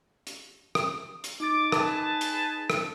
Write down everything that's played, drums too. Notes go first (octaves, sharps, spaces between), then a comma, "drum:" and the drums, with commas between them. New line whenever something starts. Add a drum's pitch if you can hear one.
drum: hi-hat
drum: rim click
drum: hi-hat
D#4 D6 A6
G#4 B4 A5, drum: rim click
drum: hi-hat
drum: rim click